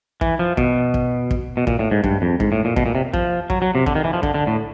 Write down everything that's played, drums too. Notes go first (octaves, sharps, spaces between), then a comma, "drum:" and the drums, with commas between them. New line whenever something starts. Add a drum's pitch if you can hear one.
E3, drum: kick
F3
B2, drum: kick
drum: kick
drum: kick
B2
A#2, drum: kick
A2
G#2
G2, drum: kick
F2
G#2, drum: kick
A2
A#2
B2, drum: kick
A#2
C3
F3, drum: kick
F#3, drum: kick
F#3
C3
D3, drum: kick
D#3
E3
F3
D3, drum: kick
D3
A2